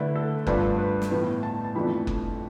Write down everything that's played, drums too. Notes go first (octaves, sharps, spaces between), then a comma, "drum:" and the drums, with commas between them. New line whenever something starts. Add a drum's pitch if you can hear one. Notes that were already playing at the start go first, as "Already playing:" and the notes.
Already playing: D3 A3 E4 B4
A4
G2 F3 A3 D4 B4, drum: kick F#1
B4
drum: snare
A2 E3 B3
A5
A5
F2 E3 A3 D4 B5
drum: kick F#1